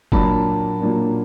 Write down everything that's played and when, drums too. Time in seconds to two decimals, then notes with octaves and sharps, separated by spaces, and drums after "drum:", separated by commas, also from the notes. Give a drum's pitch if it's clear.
0.12 A#2 F#3 A#3 D4 A5 B5, drum: kick G1
0.81 A#2 F#3 A#3 D4